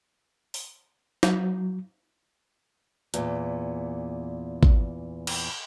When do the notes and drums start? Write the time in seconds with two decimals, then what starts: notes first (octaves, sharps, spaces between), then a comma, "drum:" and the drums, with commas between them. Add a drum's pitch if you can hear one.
0.54 drum: open hi-hat
1.23 F#3, drum: snare
3.14 E2 A#2, drum: hi-hat
4.63 drum: kick
5.27 drum: cymbal